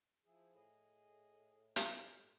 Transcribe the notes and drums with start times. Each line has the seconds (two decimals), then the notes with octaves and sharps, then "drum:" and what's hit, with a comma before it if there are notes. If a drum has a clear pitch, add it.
0.25 F3 E4 G#4
0.55 A2 G#4 D#5
1.76 G2, drum: hi-hat